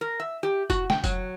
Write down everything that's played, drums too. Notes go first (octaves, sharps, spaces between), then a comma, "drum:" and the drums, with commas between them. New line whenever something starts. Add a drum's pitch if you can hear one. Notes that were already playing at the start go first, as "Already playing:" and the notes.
A#4
E5
G4
F#4, drum: kick F1, tambourine
G5, drum: snare
F#3, drum: kick F1, tambourine